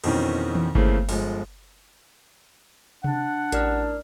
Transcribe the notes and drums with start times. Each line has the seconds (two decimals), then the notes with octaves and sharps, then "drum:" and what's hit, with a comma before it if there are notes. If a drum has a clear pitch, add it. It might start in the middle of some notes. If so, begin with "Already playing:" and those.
0.04 F2 B2 D#3 E3 C4 C#4, drum: cymbal
0.55 drum: tom D#3
0.75 C#3 E3 A3 A#3 C4, drum: kick G1
1.09 G1 F3 G#3, drum: open hi-hat
3.04 D4 F#5, drum: tom C3
3.52 A1 A#4 D5 F6, drum: hi-hat